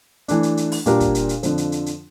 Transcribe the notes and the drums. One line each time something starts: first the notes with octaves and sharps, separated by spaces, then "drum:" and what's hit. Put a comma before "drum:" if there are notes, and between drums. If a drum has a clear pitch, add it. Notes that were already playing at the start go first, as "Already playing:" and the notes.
E3 A3 D4, drum: hi-hat
drum: hi-hat
drum: hi-hat
drum: open hi-hat
A#2 G3 D4 G4 A#4, drum: hi-hat
drum: kick, hi-hat
drum: hi-hat
drum: hi-hat
F2 D3 F3, drum: hi-hat
drum: hi-hat
drum: hi-hat
drum: hi-hat